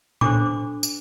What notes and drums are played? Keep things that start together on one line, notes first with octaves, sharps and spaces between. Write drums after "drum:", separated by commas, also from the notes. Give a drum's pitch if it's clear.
D4 A4 C5 D6, drum: tom A2
drum: tambourine